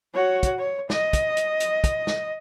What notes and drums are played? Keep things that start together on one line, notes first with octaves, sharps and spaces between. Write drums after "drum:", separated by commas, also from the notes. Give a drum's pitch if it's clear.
F#4 C#5
drum: kick, hi-hat
C#5
D#5, drum: snare
drum: kick, hi-hat
drum: hi-hat
drum: hi-hat
drum: kick, hi-hat
drum: snare